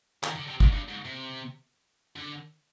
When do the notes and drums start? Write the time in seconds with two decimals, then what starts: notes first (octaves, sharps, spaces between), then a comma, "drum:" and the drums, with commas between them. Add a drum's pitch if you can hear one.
0.23 D#3, drum: clap
0.36 D3
0.48 C3
0.60 G#2, drum: kick
0.72 G2
0.88 G#2
1.05 C3
2.16 D3